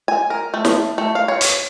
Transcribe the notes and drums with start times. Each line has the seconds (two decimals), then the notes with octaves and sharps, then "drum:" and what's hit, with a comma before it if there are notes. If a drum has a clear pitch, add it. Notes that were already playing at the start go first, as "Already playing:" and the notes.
0.08 G#5
0.30 A#4
0.54 A3
0.65 drum: snare
0.98 A3
1.15 F5
1.28 C#5
1.41 drum: hi-hat